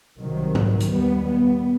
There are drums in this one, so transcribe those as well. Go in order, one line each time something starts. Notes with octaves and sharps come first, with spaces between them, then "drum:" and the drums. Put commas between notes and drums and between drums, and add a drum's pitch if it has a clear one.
C2 C3 D#3 F#3
drum: tom G#2
drum: hi-hat
D#2 G3 B3
G3 B3